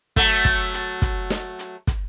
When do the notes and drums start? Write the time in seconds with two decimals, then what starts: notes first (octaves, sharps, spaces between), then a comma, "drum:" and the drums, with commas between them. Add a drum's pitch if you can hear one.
0.16 F#3 A3, drum: kick, hi-hat
0.45 drum: kick, hi-hat
0.73 drum: hi-hat
1.02 drum: kick, hi-hat
1.30 drum: snare
1.59 drum: hi-hat
1.87 drum: kick, hi-hat